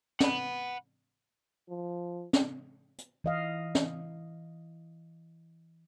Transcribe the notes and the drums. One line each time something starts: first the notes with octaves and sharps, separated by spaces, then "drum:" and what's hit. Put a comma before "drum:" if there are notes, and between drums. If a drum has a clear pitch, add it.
F#5 B5, drum: snare
F3
drum: snare
drum: hi-hat
E3 D#5 F5
drum: snare